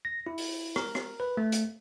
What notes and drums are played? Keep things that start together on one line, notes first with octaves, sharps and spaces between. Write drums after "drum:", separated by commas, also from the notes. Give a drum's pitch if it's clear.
A#6
E4
drum: open hi-hat
A#4, drum: rim click
drum: rim click
B4
A3
drum: hi-hat